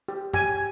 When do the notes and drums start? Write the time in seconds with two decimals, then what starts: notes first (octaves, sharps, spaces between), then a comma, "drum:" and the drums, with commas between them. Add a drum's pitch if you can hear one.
0.08 G4
0.34 G4 G#5, drum: tom F#2